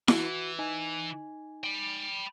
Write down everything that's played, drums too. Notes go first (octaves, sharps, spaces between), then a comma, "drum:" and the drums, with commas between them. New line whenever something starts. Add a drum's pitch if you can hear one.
E3 F#4, drum: snare E4
D#4 G#5
G5 B5